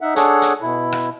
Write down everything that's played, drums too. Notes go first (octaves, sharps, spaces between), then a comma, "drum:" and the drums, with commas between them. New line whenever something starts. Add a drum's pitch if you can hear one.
D#4 E5 F#5
D4 G#4 A4 C#5 F#5, drum: hi-hat
drum: hi-hat
B2 E4
drum: rim click